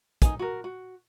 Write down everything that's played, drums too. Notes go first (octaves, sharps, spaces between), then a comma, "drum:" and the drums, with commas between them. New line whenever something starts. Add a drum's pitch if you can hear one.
D#4 G#5, drum: kick, hi-hat
F#4 A#4
F#4